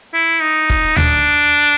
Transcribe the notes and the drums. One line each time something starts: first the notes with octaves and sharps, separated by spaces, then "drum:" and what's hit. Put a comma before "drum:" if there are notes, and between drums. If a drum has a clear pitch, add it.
E4
D#4
drum: kick
D4, drum: tom D2